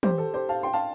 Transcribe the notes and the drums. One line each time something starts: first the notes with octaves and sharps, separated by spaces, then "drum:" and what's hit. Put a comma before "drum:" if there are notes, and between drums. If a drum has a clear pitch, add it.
G4 C5, drum: tom
A4
G4 C5
F5 A5
G5 C6
F5 A5